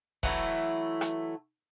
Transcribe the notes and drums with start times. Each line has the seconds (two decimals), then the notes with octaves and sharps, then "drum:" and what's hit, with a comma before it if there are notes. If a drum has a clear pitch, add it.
0.23 E3 F#3 A3 E4, drum: kick
1.01 drum: rim click